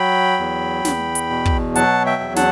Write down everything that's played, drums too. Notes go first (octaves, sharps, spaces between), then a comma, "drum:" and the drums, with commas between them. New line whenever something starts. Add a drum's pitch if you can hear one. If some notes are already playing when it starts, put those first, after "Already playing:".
Already playing: F#3 G5 B5
E2
E2, drum: snare
drum: hi-hat
B2
drum: kick
F#3 F#5 A5, drum: hi-hat
E5 G5
E2
F#5 A5, drum: snare